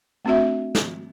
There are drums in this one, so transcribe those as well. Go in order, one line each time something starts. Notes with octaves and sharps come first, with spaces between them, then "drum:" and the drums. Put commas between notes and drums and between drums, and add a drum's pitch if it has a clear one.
A3 C4 D4 F#4 E5
drum: snare